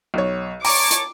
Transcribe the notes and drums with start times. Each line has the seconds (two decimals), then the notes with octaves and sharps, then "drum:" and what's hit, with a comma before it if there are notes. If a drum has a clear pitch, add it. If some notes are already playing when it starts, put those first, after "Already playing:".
0.14 B1 C#5
0.65 C#5 A5 A#5 D6, drum: open hi-hat
0.91 drum: hi-hat